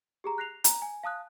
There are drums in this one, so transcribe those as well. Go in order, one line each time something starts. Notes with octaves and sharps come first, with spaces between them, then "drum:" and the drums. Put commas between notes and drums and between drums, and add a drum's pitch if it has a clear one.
G4 G#4 A#5
F#6 A#6 C7 F7
A#5, drum: hi-hat
G#5
F5 A5 D#6 F#6